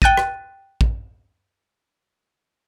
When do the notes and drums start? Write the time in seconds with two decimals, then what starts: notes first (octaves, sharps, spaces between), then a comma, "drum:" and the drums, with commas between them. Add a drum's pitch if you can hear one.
0.02 G5 F#6 A6 D#7, drum: kick
0.17 drum: rim click
0.81 drum: kick